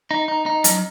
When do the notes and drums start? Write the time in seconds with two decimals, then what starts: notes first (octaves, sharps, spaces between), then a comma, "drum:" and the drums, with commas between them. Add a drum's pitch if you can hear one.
0.11 D#4
0.28 D#4
0.46 D#4
0.64 F#2, drum: hi-hat